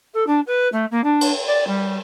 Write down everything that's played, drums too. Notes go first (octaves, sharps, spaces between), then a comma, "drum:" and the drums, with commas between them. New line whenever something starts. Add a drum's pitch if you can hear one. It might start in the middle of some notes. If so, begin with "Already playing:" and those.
A4
D4
B4
A3
A#3
D4
drum: cymbal
D5
G3